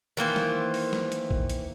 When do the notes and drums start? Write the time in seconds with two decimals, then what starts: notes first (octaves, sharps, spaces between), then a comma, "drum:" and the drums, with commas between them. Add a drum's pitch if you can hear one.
0.17 D#3 E3 A#3 C5
0.36 drum: snare
0.74 drum: open hi-hat
0.93 drum: snare
1.12 drum: hi-hat
1.31 drum: kick A#1
1.50 drum: hi-hat